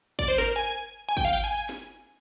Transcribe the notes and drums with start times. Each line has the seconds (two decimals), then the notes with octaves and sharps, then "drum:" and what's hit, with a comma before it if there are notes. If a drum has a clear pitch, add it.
0.19 D5, drum: kick
0.28 C5
0.38 A#4, drum: snare
0.56 G#5
1.09 G#5
1.17 G5, drum: kick
1.25 F5
1.33 G5
1.44 G#5
1.69 drum: snare